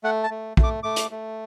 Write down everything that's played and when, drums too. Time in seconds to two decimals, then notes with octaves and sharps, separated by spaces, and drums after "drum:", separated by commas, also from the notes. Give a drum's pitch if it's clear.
0.04 A3 F#5
0.24 A5
0.30 A3
0.57 A3, drum: kick
0.63 D6
0.83 A3 D6
0.96 drum: hi-hat
1.11 A3